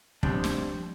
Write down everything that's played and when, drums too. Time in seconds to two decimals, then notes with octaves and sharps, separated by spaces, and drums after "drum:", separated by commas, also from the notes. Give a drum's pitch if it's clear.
0.23 F3 G3 C4 D4, drum: kick
0.44 drum: snare